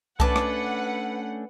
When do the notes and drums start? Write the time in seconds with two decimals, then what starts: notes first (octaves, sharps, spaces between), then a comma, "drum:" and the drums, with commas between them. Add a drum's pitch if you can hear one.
0.20 A3 C#4 D4 B4 F#5 A5 D6, drum: kick C2
0.36 drum: rim click